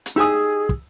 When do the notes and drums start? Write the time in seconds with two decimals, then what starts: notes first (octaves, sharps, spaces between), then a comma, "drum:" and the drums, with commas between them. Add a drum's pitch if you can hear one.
0.06 drum: hi-hat
0.16 D#4 G4 G#4 G#5 D#6 E6
0.69 drum: kick